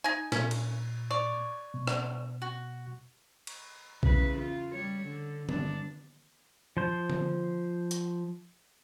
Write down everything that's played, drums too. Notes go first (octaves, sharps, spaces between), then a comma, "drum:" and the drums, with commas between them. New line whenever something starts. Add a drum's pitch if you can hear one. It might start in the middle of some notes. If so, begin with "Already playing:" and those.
D#4 G#5
A#2 C#4, drum: snare
drum: cymbal
C#5 D5
B2
drum: rim click
F#4
drum: cymbal
E2 C#3 B4, drum: kick B1
F4
G3 C#5
D3
G2 D4, drum: tom D3
F3 C5
drum: tom D3
drum: hi-hat